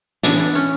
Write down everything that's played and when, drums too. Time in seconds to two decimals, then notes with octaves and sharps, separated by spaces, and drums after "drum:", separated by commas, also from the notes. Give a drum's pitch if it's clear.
0.23 A2 E3 G#3 B3 D4 E4, drum: hi-hat
0.40 D4
0.55 C#4